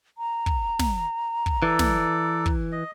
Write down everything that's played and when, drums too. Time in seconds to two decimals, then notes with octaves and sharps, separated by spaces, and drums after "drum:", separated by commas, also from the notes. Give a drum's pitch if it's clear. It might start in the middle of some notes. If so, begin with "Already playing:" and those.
0.18 A#5
0.46 drum: kick
0.79 drum: snare
1.46 drum: kick
1.63 E3 A4 D5
1.79 drum: snare
2.46 drum: kick
2.72 D#5